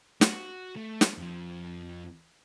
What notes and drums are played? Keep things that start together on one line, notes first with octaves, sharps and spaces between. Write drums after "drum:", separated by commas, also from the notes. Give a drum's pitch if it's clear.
F#4, drum: snare
A3
drum: snare
F2 F3